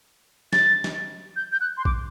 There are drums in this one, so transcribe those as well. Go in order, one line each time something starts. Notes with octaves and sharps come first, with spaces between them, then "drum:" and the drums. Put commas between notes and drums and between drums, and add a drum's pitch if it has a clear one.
A6, drum: snare
drum: snare
G6
G6
F#6
C6
D6, drum: kick A#1